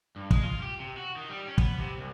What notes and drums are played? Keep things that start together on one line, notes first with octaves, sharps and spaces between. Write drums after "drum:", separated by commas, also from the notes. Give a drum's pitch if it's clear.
G2
G#3, drum: kick
F4
G4
C3
F#4
D#3
G3
C#4
B3, drum: kick
C3
C2